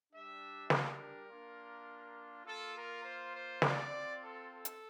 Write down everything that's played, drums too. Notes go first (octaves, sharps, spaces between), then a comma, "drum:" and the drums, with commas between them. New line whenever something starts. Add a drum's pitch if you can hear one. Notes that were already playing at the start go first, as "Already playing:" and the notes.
G3 D4 G4 E5
A#4, drum: snare
A#3 D4 F4
A#3 F4 A4
A#4
C5
C5
C4 F4 D5, drum: snare
A4
A4
drum: hi-hat